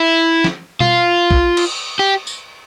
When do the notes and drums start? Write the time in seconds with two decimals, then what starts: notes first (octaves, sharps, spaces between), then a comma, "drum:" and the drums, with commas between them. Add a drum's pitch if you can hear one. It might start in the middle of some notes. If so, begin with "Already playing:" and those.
Already playing: E4
0.44 drum: snare
0.80 F4, drum: tom B2
1.31 drum: kick
1.57 drum: cymbal
1.99 G4
2.27 drum: tambourine